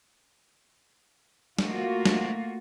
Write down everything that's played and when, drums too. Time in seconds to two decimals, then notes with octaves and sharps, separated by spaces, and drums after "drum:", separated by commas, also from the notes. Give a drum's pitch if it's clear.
1.59 A3 A#3 F4 F#4, drum: snare
2.05 drum: snare